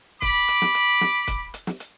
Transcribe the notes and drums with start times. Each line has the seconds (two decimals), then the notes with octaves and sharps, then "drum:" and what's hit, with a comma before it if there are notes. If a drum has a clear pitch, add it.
0.22 B5 D6, drum: kick, hi-hat
0.48 drum: hi-hat
0.62 drum: snare
0.75 drum: hi-hat
1.01 drum: snare
1.28 drum: kick, hi-hat
1.54 drum: hi-hat
1.67 drum: snare
1.80 drum: hi-hat